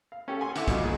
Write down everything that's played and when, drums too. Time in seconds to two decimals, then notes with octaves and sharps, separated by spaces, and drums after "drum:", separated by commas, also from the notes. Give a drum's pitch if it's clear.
0.12 F5
0.28 C#4 G4 A4
0.40 F#5 G#5 C6
0.56 D3 E4 D6, drum: hi-hat
0.68 B2 D3 G3 A3 F4 D#5, drum: kick, hi-hat
0.80 B1 A#2 G#4